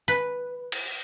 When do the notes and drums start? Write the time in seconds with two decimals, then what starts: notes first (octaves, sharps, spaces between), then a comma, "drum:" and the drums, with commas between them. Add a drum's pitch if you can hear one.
0.08 B4
0.72 drum: cymbal